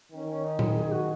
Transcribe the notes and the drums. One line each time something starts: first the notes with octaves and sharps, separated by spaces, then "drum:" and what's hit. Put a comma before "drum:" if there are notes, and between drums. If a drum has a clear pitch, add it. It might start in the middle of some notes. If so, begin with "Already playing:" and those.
D#3 C#4
C#4
D#4
G#4, drum: tom A#2
G#4
F#4